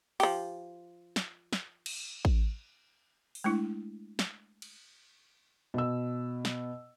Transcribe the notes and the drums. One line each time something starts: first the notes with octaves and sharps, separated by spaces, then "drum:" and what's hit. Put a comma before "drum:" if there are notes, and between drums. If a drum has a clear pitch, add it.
F3 G4, drum: open hi-hat
drum: snare
drum: snare
drum: cymbal
drum: kick A1
drum: open hi-hat
G#3 A3 D4 E4
drum: snare
drum: cymbal
B2 E6
drum: snare